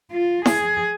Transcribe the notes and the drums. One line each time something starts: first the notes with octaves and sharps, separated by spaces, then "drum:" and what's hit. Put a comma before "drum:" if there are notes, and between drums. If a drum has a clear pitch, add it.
F4
G#4, drum: snare E4